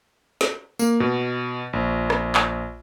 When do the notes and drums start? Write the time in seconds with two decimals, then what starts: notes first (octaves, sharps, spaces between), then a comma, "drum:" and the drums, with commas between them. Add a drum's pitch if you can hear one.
0.41 drum: snare
0.79 A#3, drum: tambourine
1.00 B2
1.73 A#1
2.10 drum: rim click
2.35 drum: clap